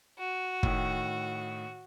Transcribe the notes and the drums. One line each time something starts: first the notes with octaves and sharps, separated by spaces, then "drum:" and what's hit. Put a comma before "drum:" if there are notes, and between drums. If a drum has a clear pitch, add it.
F#4
A2 D#3, drum: kick